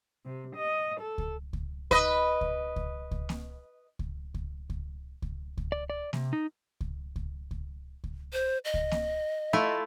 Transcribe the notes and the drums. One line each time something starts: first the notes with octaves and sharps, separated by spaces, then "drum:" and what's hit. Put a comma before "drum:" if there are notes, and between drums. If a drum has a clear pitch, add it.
C3
D#5
A4
drum: kick C#2
drum: kick C#2
B4 D#5, drum: kick C#2
drum: kick C#2
drum: kick C#2
drum: kick C#2
drum: snare A#3
drum: kick C#2
drum: kick C#2
drum: kick C#2
drum: kick C#2
drum: kick C#2
D5
D5
C3, drum: snare A#3
D#4
drum: kick C#2
drum: kick C#2
drum: kick C#2
drum: kick C#2
C5
D#5
drum: kick C#2
drum: snare A#3
A3 E4 F4